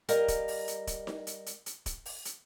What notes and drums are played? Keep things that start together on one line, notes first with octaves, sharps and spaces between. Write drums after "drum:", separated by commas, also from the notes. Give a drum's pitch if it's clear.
G3 A#4 D#5 F5 A#5, drum: hi-hat
drum: kick D1, hi-hat
drum: open hi-hat
drum: hi-hat
drum: kick D1, hi-hat
drum: snare D#4
drum: hi-hat
drum: hi-hat
drum: hi-hat
drum: kick D1, hi-hat
drum: open hi-hat
drum: hi-hat